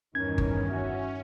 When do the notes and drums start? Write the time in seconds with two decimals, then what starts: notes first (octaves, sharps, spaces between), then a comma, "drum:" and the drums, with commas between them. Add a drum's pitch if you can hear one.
0.15 E2 G2 D#3 C#4 D#4 A#4 G#6
0.38 drum: kick G1
0.68 F#4 E5